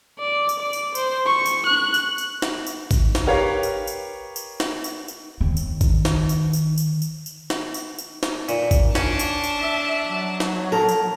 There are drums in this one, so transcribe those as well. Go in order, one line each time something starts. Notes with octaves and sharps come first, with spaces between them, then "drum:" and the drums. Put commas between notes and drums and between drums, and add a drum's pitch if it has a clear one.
D5
drum: tambourine
D5
drum: tambourine
C5, drum: tambourine
C#6
drum: tambourine
F#6
drum: tambourine
drum: tambourine
drum: snare
drum: tambourine
drum: kick, tambourine
drum: snare
G4 A#4 B4 C#5 F5
drum: tambourine
drum: tambourine
drum: tambourine
drum: snare
drum: tambourine
drum: tambourine
D#2 D#3
drum: tambourine
drum: kick, tambourine
drum: snare
drum: tambourine
drum: tambourine
drum: tambourine
drum: tambourine
drum: tambourine
drum: snare
drum: tambourine
drum: tambourine
drum: snare
A#2, drum: tambourine
drum: kick, tambourine
C#4 D4 A5, drum: snare
drum: tambourine
drum: tambourine
E5
F#3
drum: snare
A4 A#4
drum: tambourine